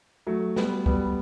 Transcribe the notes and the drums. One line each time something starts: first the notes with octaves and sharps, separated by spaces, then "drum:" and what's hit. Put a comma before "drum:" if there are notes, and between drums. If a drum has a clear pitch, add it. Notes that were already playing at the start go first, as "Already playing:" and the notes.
F#3 A3
G3 B3, drum: snare
G3 B3, drum: kick C#2